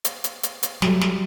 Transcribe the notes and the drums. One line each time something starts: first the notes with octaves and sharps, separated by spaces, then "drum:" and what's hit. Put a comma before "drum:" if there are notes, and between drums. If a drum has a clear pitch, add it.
drum: hi-hat
drum: hi-hat
drum: hi-hat
drum: hi-hat
F#3 G3 A3, drum: snare
drum: snare